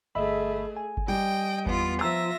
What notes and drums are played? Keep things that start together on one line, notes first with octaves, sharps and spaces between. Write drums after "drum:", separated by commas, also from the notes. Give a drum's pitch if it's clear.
G1 A3 G#4 D#5 E5 B5
G#5
drum: kick G1
G3 D#5 G5
E2 B3 F4, drum: kick G1
F3 F4 E5 A#5 E6 A#6